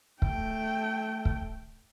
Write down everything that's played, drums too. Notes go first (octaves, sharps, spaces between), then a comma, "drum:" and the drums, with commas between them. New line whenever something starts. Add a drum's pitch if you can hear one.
A3 G5, drum: kick
drum: kick